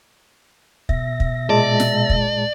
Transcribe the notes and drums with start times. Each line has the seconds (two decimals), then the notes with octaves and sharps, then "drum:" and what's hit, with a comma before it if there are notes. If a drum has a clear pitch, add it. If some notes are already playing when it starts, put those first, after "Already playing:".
0.89 B2 E5 A#6, drum: kick
1.20 drum: kick
1.50 A#2 G#3 D5 A5
1.80 drum: snare
2.10 drum: kick